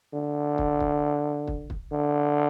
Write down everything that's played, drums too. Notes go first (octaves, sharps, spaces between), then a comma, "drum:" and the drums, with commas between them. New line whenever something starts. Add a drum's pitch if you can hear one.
D3
drum: kick
drum: kick
drum: kick
drum: kick
D3